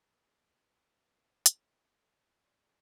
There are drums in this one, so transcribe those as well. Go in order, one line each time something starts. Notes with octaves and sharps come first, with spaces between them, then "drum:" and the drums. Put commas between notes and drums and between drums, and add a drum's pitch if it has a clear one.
B3 G#4
B2 A3 C#4, drum: hi-hat
G3 D5